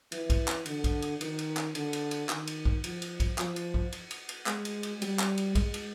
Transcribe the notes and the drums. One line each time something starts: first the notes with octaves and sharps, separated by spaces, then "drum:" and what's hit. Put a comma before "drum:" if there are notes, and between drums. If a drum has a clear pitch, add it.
E3, drum: cymbal
drum: kick, cymbal
drum: clap
D3, drum: cymbal
drum: kick, cymbal
drum: cymbal
D#3, drum: cymbal
drum: cymbal
drum: clap
D3, drum: cymbal
drum: cymbal
drum: cymbal
D#3, drum: clap
drum: cymbal
drum: kick
F3, drum: cymbal
drum: cymbal
drum: kick, cymbal
F3, drum: clap
drum: cymbal
drum: kick
drum: cymbal
drum: cymbal
drum: cymbal
G#3, drum: clap
drum: cymbal
drum: cymbal
G3, drum: cymbal
drum: clap
drum: cymbal
G#3, drum: kick, cymbal
drum: cymbal